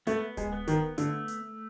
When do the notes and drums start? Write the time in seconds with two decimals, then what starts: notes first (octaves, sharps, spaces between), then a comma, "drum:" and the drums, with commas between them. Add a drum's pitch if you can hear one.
0.07 A3 B3, drum: hi-hat
0.37 G#3, drum: kick D1, hi-hat
0.53 B3
0.68 D#3, drum: hi-hat
0.98 D3 A3, drum: hi-hat
1.28 drum: hi-hat